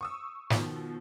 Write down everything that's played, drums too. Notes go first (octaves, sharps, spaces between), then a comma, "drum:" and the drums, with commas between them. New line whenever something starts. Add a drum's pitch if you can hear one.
C#6 D#6 E6
B2 D#3 F3, drum: snare